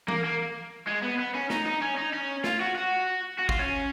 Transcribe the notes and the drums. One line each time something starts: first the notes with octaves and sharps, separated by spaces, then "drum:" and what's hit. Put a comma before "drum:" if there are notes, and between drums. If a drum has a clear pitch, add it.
A#3, drum: tom E3
A#3
G#3
B3
B3
C#4
D#4, drum: snare
D#4
C#4
D#4
C#4
F4, drum: snare
F#4
F#4
F#4
F4, drum: kick
C#4